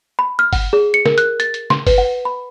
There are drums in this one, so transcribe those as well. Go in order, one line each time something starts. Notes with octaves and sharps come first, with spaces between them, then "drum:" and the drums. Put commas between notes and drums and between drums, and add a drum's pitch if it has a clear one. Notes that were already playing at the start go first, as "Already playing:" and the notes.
B5
F6
F#5, drum: kick G1, open hi-hat
G#4
C#7
A#4, drum: snare
F#6, drum: hi-hat
A6, drum: hi-hat
drum: hi-hat
C6, drum: snare
B4, drum: kick G1, open hi-hat
F#5
B5